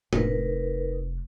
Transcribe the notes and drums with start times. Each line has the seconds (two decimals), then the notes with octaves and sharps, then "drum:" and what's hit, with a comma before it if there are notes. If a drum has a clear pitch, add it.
0.13 F1 D#4 A#4 B4, drum: tom